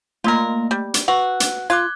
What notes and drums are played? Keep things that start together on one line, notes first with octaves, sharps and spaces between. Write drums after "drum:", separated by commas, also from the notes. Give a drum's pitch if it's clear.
A3 A#3 F4 A#4
G3
drum: hi-hat
F#4 B4
drum: hi-hat
F4 D6 F#6 G#6